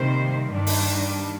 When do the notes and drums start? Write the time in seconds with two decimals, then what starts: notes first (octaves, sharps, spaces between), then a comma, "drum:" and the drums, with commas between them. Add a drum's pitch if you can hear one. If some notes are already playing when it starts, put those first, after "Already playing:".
Already playing: C3 D#3 G3 A#3 C5
0.52 G2 D#3 G3 A#3 D4
0.67 drum: open hi-hat